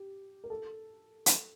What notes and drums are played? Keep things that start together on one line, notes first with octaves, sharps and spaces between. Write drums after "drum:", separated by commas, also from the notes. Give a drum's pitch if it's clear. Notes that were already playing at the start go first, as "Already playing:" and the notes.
Already playing: G4
A#4
A4
drum: hi-hat